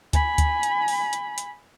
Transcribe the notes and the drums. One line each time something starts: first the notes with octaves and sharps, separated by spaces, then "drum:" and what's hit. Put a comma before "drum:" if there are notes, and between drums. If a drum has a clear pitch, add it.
G#5 B5, drum: kick D2, hi-hat
drum: kick D2, hi-hat
drum: hi-hat
drum: open hi-hat
drum: hi-hat
drum: hi-hat